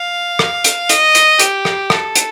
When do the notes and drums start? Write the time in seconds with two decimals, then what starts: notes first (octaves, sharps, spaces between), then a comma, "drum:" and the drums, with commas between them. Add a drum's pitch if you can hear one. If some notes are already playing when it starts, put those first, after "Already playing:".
Already playing: F5
0.39 drum: rim click
0.64 drum: hi-hat
0.89 D#5, drum: hi-hat
1.15 drum: hi-hat
1.39 G4, drum: hi-hat
1.65 drum: rim click
1.90 A4, drum: rim click
2.15 drum: hi-hat